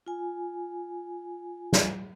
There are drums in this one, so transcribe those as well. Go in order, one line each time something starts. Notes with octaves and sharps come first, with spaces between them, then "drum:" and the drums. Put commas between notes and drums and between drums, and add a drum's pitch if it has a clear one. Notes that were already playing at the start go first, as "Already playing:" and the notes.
F4 G#5
drum: snare